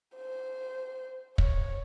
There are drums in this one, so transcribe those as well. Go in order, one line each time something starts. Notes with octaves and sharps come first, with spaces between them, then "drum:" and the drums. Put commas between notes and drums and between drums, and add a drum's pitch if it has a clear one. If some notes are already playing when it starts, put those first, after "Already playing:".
C5
C#5, drum: kick